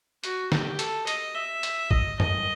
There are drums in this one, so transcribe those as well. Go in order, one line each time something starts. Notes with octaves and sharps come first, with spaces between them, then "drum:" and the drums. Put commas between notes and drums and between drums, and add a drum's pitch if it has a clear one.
F#4, drum: hi-hat
G4, drum: snare
A4, drum: hi-hat
D#5, drum: hi-hat
E5
drum: hi-hat
D#5, drum: kick
D#5, drum: tom